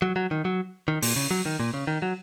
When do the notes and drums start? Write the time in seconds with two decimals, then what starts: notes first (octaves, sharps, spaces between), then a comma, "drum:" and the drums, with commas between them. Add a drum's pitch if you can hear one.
0.02 F#3
0.16 F#3
0.31 D#3
0.45 F#3
0.88 D#3
1.02 A#2, drum: open hi-hat
1.16 C#3
1.31 F#3
1.46 D#3
1.60 A#2
1.74 C#3
1.87 D#3
2.02 F#3